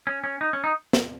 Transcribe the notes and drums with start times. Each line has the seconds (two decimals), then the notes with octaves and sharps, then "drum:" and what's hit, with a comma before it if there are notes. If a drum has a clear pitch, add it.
0.07 C#4
0.24 C#4
0.41 D#4
0.53 C#4
0.64 D#4
0.93 drum: snare